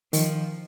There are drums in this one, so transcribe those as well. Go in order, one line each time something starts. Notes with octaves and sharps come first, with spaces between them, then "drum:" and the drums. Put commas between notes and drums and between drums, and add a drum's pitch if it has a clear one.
D#3 F3, drum: open hi-hat